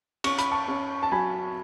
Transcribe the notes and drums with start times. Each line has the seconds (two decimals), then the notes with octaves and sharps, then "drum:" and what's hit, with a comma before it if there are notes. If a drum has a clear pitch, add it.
0.24 C#4 C#6, drum: cymbal
0.38 B5, drum: hi-hat
0.52 A5 C#6
0.68 C#4
1.03 A5
1.12 F#3 G#5 B5